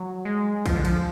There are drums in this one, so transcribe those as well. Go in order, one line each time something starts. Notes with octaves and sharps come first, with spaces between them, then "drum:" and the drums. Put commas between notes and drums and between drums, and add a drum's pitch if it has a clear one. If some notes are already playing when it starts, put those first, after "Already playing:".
Already playing: F#3
G#3
F3, drum: kick A#1, cymbal
D3
F3, drum: cymbal